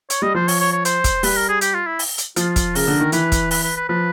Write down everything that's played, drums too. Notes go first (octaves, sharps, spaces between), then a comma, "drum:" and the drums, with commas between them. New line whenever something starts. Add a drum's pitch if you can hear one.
C#5, drum: hi-hat
G3 D#5
F3 C5
C#5, drum: open hi-hat
C#5
C#5
C5, drum: hi-hat
drum: kick, hi-hat
G3 B4, drum: open hi-hat
A#4
G#4
G4, drum: hi-hat
F4
E4
drum: open hi-hat
drum: hi-hat
F3 F4, drum: hi-hat
drum: kick, hi-hat
C#3 A#4, drum: open hi-hat
D3
D#3
E3 B4, drum: hi-hat
drum: kick, hi-hat
B4, drum: open hi-hat
B4
B4
F3 B4